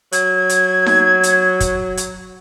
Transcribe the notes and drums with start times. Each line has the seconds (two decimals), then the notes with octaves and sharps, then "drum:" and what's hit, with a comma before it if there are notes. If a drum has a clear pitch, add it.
0.12 F#3 G#6, drum: hi-hat
0.49 drum: hi-hat
0.86 drum: snare D#4
1.23 drum: hi-hat
1.60 drum: kick, hi-hat
1.97 drum: hi-hat